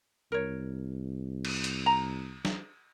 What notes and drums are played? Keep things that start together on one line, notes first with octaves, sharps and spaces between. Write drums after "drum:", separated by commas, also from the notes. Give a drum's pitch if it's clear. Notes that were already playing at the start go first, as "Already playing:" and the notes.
C2 A#4 C#5
drum: cymbal
drum: hi-hat
A#5
drum: snare